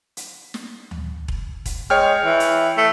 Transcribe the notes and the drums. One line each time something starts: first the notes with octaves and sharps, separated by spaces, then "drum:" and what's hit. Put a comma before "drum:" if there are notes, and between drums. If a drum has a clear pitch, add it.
drum: hi-hat
drum: snare
drum: tom D2
drum: kick E1
drum: kick E1, hi-hat
G#3 C#5 G5 F6
E3
drum: hi-hat
A3